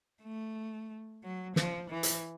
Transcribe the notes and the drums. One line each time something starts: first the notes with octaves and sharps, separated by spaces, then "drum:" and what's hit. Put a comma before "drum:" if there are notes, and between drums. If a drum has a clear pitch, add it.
A3
F#3
F3, drum: snare
E3
drum: hi-hat